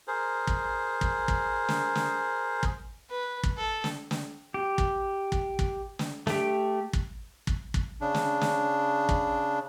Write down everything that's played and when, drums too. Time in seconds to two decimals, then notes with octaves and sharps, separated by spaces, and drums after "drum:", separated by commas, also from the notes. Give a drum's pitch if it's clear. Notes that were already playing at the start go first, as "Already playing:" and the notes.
0.08 G#4 A#4 C5
0.47 drum: kick
1.01 drum: kick
1.28 drum: kick
1.69 drum: snare
1.95 drum: snare
2.63 drum: kick
3.10 B4
3.43 drum: kick
3.57 A4
3.84 drum: snare
4.11 drum: snare
4.54 G4
4.78 drum: kick
5.32 drum: kick
5.59 drum: kick
5.99 drum: snare
6.27 A3 G4, drum: snare
6.93 drum: kick
7.47 drum: kick
7.74 drum: kick
8.01 C#3 D4
8.14 drum: snare
8.41 drum: snare
9.09 drum: kick